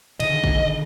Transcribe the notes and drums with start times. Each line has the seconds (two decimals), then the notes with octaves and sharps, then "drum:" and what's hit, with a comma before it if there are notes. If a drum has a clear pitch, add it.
0.20 B2 D3 D#3 D#5, drum: cymbal
0.44 drum: kick